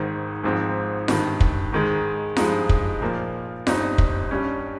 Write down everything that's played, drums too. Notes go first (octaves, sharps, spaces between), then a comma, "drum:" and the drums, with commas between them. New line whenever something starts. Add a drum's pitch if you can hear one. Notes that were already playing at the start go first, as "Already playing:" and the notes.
Already playing: G#1 G#2 D#3
G#1 G#2 F3 C4
G#1 G2 D#3, drum: snare F4
drum: kick
G#2 D#3 G#3
G2 F3 G#3 D#4, drum: snare F4
drum: kick
A#2 F3 A#3
G1 G2 G3 C4 D#4, drum: snare F4
drum: kick
G2 G3 C#4